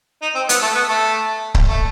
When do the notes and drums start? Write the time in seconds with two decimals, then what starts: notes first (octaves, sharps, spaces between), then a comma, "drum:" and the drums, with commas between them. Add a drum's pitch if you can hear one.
0.22 D#4
0.35 C4
0.49 B3, drum: hi-hat
0.62 A3
0.75 B3
0.89 A3
1.55 drum: kick C#1
1.68 A3